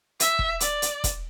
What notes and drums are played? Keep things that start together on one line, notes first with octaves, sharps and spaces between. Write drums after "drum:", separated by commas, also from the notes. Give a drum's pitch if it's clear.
E5, drum: hi-hat
drum: kick E1
D5, drum: hi-hat
drum: hi-hat
drum: kick E1, hi-hat